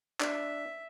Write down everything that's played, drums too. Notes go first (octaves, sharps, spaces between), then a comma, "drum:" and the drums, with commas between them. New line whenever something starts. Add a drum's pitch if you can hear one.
D4 E5, drum: clap